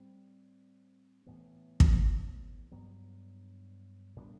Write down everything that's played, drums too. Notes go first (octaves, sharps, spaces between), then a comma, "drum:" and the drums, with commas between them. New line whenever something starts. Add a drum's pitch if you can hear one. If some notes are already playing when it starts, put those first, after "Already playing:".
Already playing: A2 G3 C4
A2 E3 B3
drum: kick
G2 F#3 B3
A2 G3 B3 D4